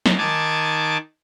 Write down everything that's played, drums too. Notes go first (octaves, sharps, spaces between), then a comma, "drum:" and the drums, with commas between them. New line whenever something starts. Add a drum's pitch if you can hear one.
drum: snare
D#3 G#5 A5 D6